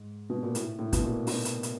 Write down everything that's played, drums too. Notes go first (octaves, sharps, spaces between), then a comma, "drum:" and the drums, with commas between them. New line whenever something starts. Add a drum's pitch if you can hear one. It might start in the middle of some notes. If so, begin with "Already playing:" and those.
Already playing: G#2
B2
A#2
A2, drum: hi-hat
A2
B2, drum: kick, hi-hat
A#2
B2, drum: open hi-hat
drum: hi-hat
drum: hi-hat